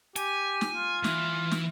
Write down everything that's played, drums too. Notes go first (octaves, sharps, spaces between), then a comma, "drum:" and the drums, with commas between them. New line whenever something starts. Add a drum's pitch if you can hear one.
G4 G#5, drum: hi-hat
drum: snare
F4
E3, drum: snare
drum: snare